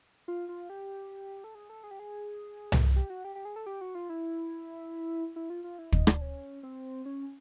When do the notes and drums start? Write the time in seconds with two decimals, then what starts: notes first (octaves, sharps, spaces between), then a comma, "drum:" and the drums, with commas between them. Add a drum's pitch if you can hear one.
0.28 F4
0.49 F4
0.70 G4
1.44 A4
1.55 G#4
1.69 A4
1.83 G#4
1.91 G4
1.99 G#4
2.72 drum: tom C2
2.96 G4
3.10 F#4
3.25 G4
3.35 G4
3.45 G#4
3.56 A4
3.66 G4
3.81 F#4
3.95 F4
4.09 E4
5.36 E4
5.50 F4
5.64 F4
5.78 E4
5.92 D#4, drum: kick
6.07 D4, drum: rim click
6.21 C#4
6.63 C4
7.06 C#4